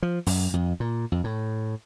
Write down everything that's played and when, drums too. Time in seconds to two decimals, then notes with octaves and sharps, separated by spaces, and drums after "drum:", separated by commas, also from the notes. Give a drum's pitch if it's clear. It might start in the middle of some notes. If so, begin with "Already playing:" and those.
0.02 F3
0.26 F#2, drum: open hi-hat
0.54 F2
0.80 A#2
1.12 F2
1.24 A2